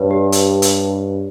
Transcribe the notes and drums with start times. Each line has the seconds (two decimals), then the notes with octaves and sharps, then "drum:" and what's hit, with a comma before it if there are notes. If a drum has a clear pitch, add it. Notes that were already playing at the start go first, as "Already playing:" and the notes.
Already playing: G2 B4 C#5 D5
0.11 G4
0.32 drum: hi-hat
0.62 drum: hi-hat